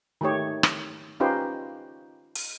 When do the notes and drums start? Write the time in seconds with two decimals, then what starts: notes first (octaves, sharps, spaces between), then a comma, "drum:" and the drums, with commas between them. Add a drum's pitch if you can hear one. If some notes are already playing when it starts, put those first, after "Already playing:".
0.21 D#3 A3 G4 C#5
0.63 drum: rim click
1.20 C#4 D#4 F4 G4 B4 C5
2.35 drum: open hi-hat